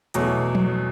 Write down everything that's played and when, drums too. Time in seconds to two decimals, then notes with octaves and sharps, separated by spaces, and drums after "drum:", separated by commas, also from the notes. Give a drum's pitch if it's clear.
0.14 E2 B2 F#3 A3, drum: hi-hat
0.55 drum: tom F3